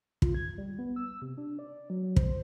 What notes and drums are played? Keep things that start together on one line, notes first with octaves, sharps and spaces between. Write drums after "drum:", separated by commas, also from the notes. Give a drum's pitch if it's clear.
F4, drum: kick
G#6
G3
B3
E6
C3
D4
D5
F#3
C5, drum: kick